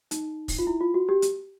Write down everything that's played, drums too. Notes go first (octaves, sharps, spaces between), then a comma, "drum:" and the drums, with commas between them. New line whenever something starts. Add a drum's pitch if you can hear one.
D#4, drum: hi-hat
drum: kick, open hi-hat
F4
E4
F4
F#4
G4
drum: hi-hat